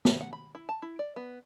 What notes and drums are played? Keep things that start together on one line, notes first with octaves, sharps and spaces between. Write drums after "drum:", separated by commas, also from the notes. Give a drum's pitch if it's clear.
G4, drum: snare
F#5
B5
E4
A5
E4
D5
B3